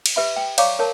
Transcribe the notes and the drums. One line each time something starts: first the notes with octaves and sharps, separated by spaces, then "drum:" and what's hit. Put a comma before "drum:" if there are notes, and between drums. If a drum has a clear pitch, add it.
drum: cymbal
G4 B4 E5 B5
G5
C#5 D5 F5 A#5 C#6 D6, drum: cymbal
A#4 C#5 A5